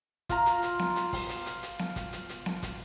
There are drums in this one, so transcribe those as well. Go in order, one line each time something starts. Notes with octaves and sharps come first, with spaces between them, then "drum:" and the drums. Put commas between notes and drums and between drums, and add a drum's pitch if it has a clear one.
F4 A#5, drum: kick, hi-hat
drum: hi-hat
drum: hi-hat
drum: snare B3
drum: hi-hat
drum: kick, open hi-hat
drum: hi-hat
drum: hi-hat
drum: hi-hat
drum: snare B3
drum: kick, hi-hat
drum: hi-hat
drum: hi-hat
drum: snare B3
drum: kick, hi-hat